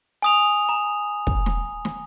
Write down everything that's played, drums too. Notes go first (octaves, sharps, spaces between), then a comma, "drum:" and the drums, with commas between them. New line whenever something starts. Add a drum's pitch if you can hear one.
G#5 D#6 F7
A#5
drum: kick
drum: snare
drum: snare